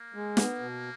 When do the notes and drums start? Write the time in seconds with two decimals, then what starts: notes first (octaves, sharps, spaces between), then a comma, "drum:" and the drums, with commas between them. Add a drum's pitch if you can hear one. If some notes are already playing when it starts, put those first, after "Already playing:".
Already playing: A#3
0.14 G#3
0.37 B3, drum: snare
0.60 B2